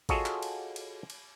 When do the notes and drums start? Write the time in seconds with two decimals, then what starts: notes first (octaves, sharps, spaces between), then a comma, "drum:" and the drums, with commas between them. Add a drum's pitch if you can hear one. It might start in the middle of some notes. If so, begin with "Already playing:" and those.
0.09 F4 F#4 G#4 A4 C#5 D#5, drum: kick G#1, cymbal
0.26 drum: clap
0.43 drum: cymbal
0.76 drum: cymbal
1.10 drum: cymbal